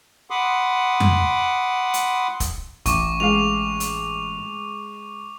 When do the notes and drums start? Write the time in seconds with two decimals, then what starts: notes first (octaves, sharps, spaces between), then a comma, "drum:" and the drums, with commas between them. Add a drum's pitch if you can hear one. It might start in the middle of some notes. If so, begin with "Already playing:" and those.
0.30 F#5 B5 C6 D6 D#6
1.00 drum: tom F2
1.94 drum: hi-hat
2.40 drum: kick, hi-hat
2.86 A1 C#6 D6, drum: kick, hi-hat
3.20 G#3 F5 F7
3.80 drum: hi-hat